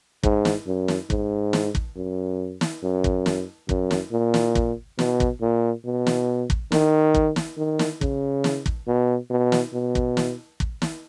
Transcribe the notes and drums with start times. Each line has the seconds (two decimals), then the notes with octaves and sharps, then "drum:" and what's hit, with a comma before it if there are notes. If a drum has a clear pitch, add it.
0.23 G#2, drum: kick
0.45 drum: snare
0.67 F#2
0.88 drum: snare
1.10 G#2, drum: kick
1.53 drum: snare
1.75 drum: kick
1.96 F#2
2.61 drum: snare
2.83 F#2
3.04 drum: kick
3.26 drum: snare
3.69 F#2, drum: kick
3.91 drum: snare
4.12 A#2
4.34 drum: snare
4.55 drum: kick
4.99 B2, drum: snare
5.20 drum: kick
5.41 A#2
5.85 B2
6.07 drum: snare
6.50 drum: kick
6.72 D#3, drum: snare
7.15 drum: kick
7.36 drum: snare
7.57 D#3
7.79 drum: snare
8.01 C#3, drum: kick
8.44 drum: snare
8.66 drum: kick
8.87 B2
9.31 B2
9.52 drum: snare
9.74 B2
9.95 drum: kick
10.17 drum: snare
10.60 drum: kick
10.82 drum: snare